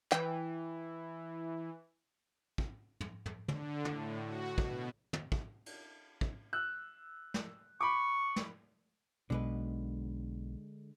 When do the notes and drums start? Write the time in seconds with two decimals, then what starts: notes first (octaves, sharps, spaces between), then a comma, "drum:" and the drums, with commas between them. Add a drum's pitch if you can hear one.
0.12 E3 G5, drum: clap
2.58 drum: kick
3.00 drum: tom
3.26 drum: tom
3.48 D3, drum: tom
3.85 A2, drum: tom
4.24 F#4
4.58 B2, drum: kick
5.13 drum: tom
5.32 drum: kick
5.66 drum: cymbal
6.21 drum: kick
6.53 E6 F#6
7.34 drum: snare
7.81 B5 C#6 D6
8.36 drum: snare
9.30 B1 B2 D3 G#3 B4